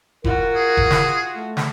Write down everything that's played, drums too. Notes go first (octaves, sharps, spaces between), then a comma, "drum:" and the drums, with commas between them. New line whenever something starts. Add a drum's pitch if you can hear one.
F4 F#4 A#4, drum: kick F1
G#4
drum: kick F1
drum: snare
A3
drum: snare